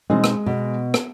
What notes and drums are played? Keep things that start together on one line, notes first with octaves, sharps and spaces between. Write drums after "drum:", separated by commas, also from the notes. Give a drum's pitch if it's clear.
B2 G#3 C4 D#4
drum: rim click
B2
drum: rim click